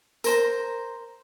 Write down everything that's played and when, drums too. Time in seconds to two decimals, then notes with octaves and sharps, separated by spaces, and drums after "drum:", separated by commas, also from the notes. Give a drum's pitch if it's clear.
0.24 A#4 C5 A#5, drum: tambourine